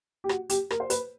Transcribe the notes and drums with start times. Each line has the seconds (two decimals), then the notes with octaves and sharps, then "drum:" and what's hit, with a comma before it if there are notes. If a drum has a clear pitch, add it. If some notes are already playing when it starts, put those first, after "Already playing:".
0.24 G4
0.29 F#4, drum: rim click
0.50 G4, drum: hi-hat
0.70 A#4, drum: rim click
0.80 C5
0.90 B4, drum: hi-hat